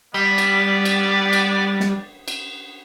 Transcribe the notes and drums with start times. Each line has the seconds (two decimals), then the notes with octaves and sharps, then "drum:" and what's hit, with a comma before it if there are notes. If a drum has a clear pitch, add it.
0.14 G3 B3 G4 D5 B6
0.38 drum: cymbal
0.85 drum: cymbal
1.33 drum: cymbal
1.80 drum: snare
2.28 drum: cymbal